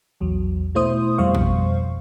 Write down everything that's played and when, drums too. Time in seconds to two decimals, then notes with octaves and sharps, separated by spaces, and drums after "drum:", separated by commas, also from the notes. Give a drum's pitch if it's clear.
0.21 A#1 E2 F#3
0.75 B2 A3 E4 C5 D#6
1.18 F2 B2 G3 C5 F5 C#6
1.35 drum: kick